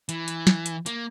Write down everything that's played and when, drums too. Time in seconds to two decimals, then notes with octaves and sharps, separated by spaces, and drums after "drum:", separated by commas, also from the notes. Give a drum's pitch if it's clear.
0.09 E3, drum: hi-hat
0.28 drum: hi-hat
0.47 drum: snare
0.66 drum: hi-hat
0.86 A#3, drum: hi-hat